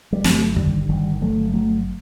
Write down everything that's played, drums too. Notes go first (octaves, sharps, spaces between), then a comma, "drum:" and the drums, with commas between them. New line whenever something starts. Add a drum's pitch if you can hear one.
G3
G1 F#3 A3, drum: snare
D3 D#3 G3, drum: kick
G1 D#3 G3
G1 F#3 A3
F#3 A3